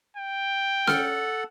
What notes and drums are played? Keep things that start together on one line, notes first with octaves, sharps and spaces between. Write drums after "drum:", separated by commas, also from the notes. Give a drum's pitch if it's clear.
G5
A4 F#5 F6, drum: snare C#4